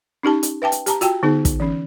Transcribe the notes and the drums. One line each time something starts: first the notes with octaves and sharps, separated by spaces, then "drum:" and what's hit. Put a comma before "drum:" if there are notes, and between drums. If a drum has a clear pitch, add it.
C#4 D#4 G4 A5
drum: hi-hat
B4 E5 G5 A5
drum: hi-hat
G4 A5 A#5, drum: hi-hat
F4 F#4 G5 A5, drum: hi-hat
D3 B3 D#4 G#4
drum: kick, hi-hat
E3 C#4